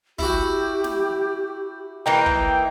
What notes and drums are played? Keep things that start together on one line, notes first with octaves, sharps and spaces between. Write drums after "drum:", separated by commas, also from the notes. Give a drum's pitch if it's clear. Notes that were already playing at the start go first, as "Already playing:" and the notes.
E4 F#4 G4, drum: kick
drum: snare
E3 A#3 D#4 G5
drum: kick